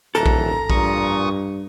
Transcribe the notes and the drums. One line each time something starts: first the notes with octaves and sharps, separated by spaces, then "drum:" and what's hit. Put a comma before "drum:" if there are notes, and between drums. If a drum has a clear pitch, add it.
D#1 E3 A4 A#5
drum: kick A#1
G2 A#2 C#6 D#6, drum: kick A#1